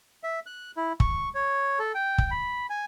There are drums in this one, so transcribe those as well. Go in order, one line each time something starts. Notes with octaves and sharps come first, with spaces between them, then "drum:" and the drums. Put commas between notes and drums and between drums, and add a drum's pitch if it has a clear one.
E5
F#6
E4
C#6, drum: kick
C#5
A4
G5
drum: kick
B5
G#5